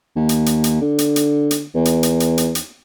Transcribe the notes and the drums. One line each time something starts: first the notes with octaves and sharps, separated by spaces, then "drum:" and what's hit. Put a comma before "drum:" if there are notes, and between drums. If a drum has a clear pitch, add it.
D#2
drum: hi-hat
drum: hi-hat
drum: hi-hat
D3
drum: hi-hat
drum: hi-hat
drum: hi-hat
E2
drum: hi-hat
drum: hi-hat
drum: hi-hat
drum: hi-hat
drum: hi-hat